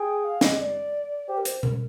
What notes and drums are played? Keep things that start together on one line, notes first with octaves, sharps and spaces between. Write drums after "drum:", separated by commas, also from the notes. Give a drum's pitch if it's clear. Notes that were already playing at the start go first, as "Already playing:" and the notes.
Already playing: G#4 G5
F5
D#5, drum: snare
D5
G4 C5
A#4
C5, drum: hi-hat
A#4, drum: tom B2